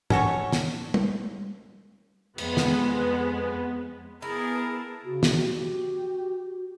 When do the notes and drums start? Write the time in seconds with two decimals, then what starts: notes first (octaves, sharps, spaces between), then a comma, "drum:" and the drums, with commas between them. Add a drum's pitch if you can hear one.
0.10 C#4 F#4 A4 C#5, drum: tom
0.52 drum: snare
0.94 drum: tom
2.38 F2 G#3 B3, drum: cymbal
2.57 drum: snare
4.22 B3 E4 G#4 A#4 A5
5.05 C#3 F#4
5.23 drum: snare
5.35 F#4 G4